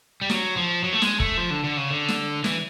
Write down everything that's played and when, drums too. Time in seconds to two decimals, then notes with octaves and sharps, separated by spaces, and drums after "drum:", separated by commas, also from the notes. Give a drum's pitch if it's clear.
0.22 G3
0.30 F#3, drum: snare
0.57 F3
0.84 F#3
0.93 A3
1.02 G#3, drum: snare
1.20 A3, drum: kick F1
1.37 F3
1.50 D3
1.64 D3
1.77 C#3
1.91 D3
2.08 drum: snare
2.44 E3, drum: snare